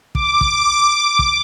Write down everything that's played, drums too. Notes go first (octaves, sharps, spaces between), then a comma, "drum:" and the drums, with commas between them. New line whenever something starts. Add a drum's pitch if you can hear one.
D6, drum: kick
drum: kick
drum: kick